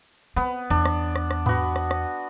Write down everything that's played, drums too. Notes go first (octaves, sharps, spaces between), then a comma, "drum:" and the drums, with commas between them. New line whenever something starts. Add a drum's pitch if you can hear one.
B3 C4
E2 D4
drum: rim click
drum: rim click
drum: rim click
B3 F#4, drum: tom G#2
drum: rim click
drum: rim click